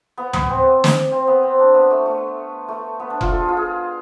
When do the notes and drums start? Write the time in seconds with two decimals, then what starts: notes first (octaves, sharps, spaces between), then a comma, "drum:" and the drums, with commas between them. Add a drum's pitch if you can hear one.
0.18 B3
0.33 B3, drum: tom D2
0.49 C4
0.84 drum: snare
1.12 C4
1.27 B3
1.43 C4
1.59 D4
1.74 B3
1.90 A3
2.06 A3
2.68 A3
3.00 B3
3.10 D4
3.21 F4, drum: kick F1
3.31 A4
3.40 G#4
3.48 F4
3.57 G#4